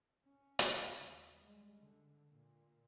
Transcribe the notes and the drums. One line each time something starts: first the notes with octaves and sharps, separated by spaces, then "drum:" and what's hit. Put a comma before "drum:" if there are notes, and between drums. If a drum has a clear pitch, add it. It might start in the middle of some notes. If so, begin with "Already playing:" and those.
C#4
drum: hi-hat
C#3
D#2
G3 G#3
D3
A#2